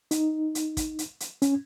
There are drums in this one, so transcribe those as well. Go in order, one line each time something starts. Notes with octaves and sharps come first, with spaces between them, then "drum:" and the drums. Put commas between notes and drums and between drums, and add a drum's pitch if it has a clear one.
D#4, drum: hi-hat
drum: hi-hat
drum: kick, hi-hat
drum: hi-hat
drum: hi-hat
C#4, drum: hi-hat